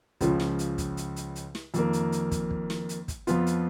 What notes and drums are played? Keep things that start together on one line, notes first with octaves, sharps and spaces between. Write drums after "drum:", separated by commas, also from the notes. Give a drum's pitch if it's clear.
C#2 C#3 F3, drum: kick, hi-hat
drum: snare
drum: hi-hat
drum: kick, hi-hat
drum: hi-hat
drum: hi-hat
drum: hi-hat
drum: snare
F2 D#3 A#3, drum: hi-hat
drum: hi-hat
drum: hi-hat
drum: kick, hi-hat
drum: kick
drum: snare
drum: hi-hat
drum: kick, hi-hat
F2 F3 B3 F4, drum: hi-hat
drum: hi-hat